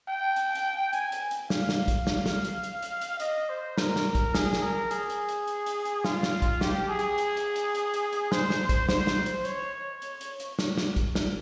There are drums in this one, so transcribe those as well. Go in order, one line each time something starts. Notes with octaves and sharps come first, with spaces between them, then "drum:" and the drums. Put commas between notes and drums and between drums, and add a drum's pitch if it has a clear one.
G5
drum: hi-hat
drum: hi-hat
G#5, drum: hi-hat
drum: hi-hat
drum: hi-hat
F5, drum: snare
drum: snare
drum: kick, hi-hat
drum: snare
drum: snare
drum: hi-hat
drum: hi-hat
drum: hi-hat
drum: hi-hat
D#5, drum: hi-hat
C5
A#4, drum: snare
drum: snare
drum: kick, hi-hat
G#4, drum: snare
drum: snare
A#4
G#4, drum: hi-hat
drum: hi-hat
drum: hi-hat
drum: hi-hat
drum: hi-hat
drum: hi-hat
F4, drum: snare
drum: snare
drum: kick, hi-hat
G4, drum: snare
G#4
drum: hi-hat
drum: hi-hat
drum: hi-hat
drum: hi-hat
drum: hi-hat
drum: hi-hat
drum: hi-hat
C5, drum: snare
drum: snare
drum: kick, hi-hat
C5, drum: snare
drum: snare
drum: hi-hat
C#5, drum: hi-hat
drum: hi-hat
drum: hi-hat
drum: hi-hat
drum: snare
drum: snare
drum: kick, hi-hat
drum: snare